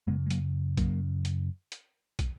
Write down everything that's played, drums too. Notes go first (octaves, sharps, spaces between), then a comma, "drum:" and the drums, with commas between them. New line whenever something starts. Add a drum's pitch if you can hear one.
F#2 C#3 G#3 B3
G#3
F#3 A#3, drum: hi-hat
F#2 C#3 F#3 A#3, drum: kick, hi-hat
drum: hi-hat
drum: hi-hat
drum: kick, hi-hat